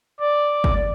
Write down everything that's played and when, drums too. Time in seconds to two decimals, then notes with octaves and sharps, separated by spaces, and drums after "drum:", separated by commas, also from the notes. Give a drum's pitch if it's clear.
0.20 D5
0.64 drum: kick G1